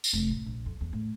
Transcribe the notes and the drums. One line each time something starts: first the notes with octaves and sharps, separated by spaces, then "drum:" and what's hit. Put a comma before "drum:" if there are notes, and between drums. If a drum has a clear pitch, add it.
drum: tambourine
F1
A2
A#1
F2
E2
A2